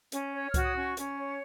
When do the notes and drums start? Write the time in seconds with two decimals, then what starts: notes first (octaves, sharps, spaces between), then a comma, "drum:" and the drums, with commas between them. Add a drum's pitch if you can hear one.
0.12 C#4, drum: hi-hat
0.34 C#5
0.49 F6
0.54 F#4, drum: kick C2, hi-hat
0.62 D#6
0.75 C#4 C#6
0.97 C#4, drum: hi-hat
1.18 C#5